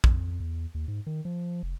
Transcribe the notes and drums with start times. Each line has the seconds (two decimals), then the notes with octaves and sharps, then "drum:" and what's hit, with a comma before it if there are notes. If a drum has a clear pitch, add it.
0.04 F2, drum: kick A#1
0.40 E2
0.75 D#2
0.88 G#2
1.07 D#3
1.25 F3
1.63 F1